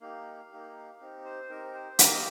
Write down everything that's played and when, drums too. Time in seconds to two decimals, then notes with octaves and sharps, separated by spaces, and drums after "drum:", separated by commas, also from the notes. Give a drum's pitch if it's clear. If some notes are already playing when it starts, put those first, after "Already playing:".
0.01 A#3 D#4 G4 F5
0.51 A#3 D#4 G4
1.00 C4 D#4 G4
1.25 C5
1.49 C4 D#4 G4 A#4
1.74 C5
1.99 A#3 G4 A#4, drum: hi-hat
2.12 D#5